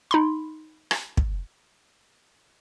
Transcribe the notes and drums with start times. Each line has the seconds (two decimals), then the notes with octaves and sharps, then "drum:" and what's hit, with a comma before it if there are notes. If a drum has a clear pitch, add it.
0.11 D#4 B5 C6
0.91 drum: rim click
1.17 drum: kick